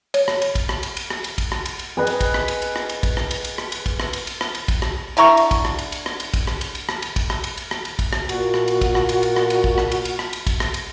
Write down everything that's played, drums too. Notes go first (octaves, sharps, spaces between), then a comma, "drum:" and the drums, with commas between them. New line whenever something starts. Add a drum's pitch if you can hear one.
C#5, drum: cymbal
drum: rim click
drum: cymbal
drum: kick, cymbal
drum: rim click
drum: cymbal
drum: cymbal
drum: rim click
drum: cymbal
drum: kick, cymbal
drum: rim click
drum: cymbal
drum: cymbal
G#4 B4 D#5
drum: cymbal
drum: kick, cymbal
drum: rim click
drum: cymbal
drum: cymbal
drum: rim click
drum: cymbal
drum: kick, cymbal
drum: rim click
drum: cymbal
drum: cymbal
drum: rim click
drum: cymbal
drum: kick, cymbal
drum: rim click
drum: cymbal
drum: cymbal
drum: rim click
drum: cymbal
drum: kick, cymbal
drum: rim click
D3 E4 A#5 C#6
drum: cymbal
drum: kick, cymbal
drum: rim click
drum: cymbal
drum: cymbal
drum: rim click
drum: cymbal
drum: kick, cymbal
drum: rim click
drum: cymbal
drum: cymbal
drum: rim click
drum: cymbal
drum: kick, cymbal
drum: rim click
drum: cymbal
drum: cymbal
drum: rim click
drum: cymbal
drum: kick, cymbal
drum: rim click
A#2 F#4, drum: cymbal
drum: rim click
drum: cymbal
drum: kick, cymbal
drum: rim click
drum: cymbal
drum: cymbal
drum: rim click
drum: cymbal
drum: kick
drum: rim click
drum: cymbal
drum: cymbal
drum: rim click
drum: cymbal
drum: kick, cymbal
drum: rim click
drum: cymbal